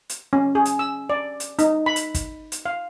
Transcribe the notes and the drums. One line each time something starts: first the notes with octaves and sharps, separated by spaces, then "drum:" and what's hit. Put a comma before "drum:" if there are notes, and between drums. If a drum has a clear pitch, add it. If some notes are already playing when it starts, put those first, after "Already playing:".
drum: hi-hat
C#4
G#4
drum: hi-hat
E6
D5
drum: hi-hat
D#4, drum: hi-hat
B5
drum: hi-hat
drum: kick, hi-hat
drum: hi-hat
F5